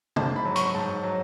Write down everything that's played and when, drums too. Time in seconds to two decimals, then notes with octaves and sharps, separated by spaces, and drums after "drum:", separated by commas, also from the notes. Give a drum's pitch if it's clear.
0.16 G#2 A5, drum: tom
0.36 B5
0.45 F#3
0.56 C#6, drum: hi-hat
0.75 G#2 A5
1.04 F#3